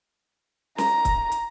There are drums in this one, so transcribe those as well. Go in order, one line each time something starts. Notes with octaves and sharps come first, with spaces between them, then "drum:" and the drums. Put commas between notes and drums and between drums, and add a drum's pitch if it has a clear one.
A#5, drum: snare
drum: kick, hi-hat
drum: hi-hat